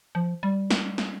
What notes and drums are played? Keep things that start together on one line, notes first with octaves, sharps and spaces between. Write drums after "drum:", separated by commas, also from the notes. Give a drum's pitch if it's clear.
F3
G3
drum: snare
drum: snare